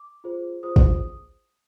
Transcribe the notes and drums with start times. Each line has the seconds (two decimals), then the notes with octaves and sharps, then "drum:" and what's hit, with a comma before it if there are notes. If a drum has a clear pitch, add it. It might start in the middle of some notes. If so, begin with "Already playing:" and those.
Already playing: D6
0.24 F4 G#4 C5
0.63 F4 G#4 C5 D#6
0.76 drum: kick